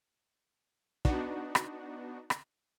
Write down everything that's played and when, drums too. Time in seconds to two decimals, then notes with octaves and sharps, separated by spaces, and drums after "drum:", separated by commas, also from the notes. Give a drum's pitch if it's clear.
1.05 B3 D4 D#4 F#4, drum: kick
1.55 drum: rim click
2.30 drum: rim click